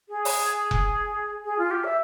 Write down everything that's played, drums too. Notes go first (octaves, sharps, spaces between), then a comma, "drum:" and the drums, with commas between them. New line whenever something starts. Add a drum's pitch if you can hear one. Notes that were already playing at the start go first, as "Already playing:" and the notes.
G#4
drum: open hi-hat
drum: kick F1
G#4
F4
G4
E5